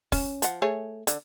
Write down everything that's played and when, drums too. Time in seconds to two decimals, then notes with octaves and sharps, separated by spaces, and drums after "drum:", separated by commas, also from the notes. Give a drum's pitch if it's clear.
0.12 C#4, drum: kick, open hi-hat
0.42 F3 F#5, drum: hi-hat
0.62 A3 G#4 C#5
1.07 D3, drum: hi-hat